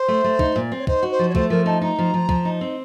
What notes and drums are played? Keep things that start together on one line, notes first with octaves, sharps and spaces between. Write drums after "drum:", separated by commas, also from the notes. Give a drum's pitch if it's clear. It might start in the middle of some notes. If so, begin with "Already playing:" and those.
Already playing: C5
A3
A3
D#4, drum: kick
A#2
C4
C#5
D#4 C5, drum: kick
F#4
C5
F3
C#5
A3 C5, drum: kick
F3 A#4
D#4 A5
D#4 A#5
F3
F3
F3, drum: kick
D#4
C4